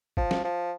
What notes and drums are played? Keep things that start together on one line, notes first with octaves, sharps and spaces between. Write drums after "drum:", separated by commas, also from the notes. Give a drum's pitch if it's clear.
F3, drum: kick
drum: snare
F3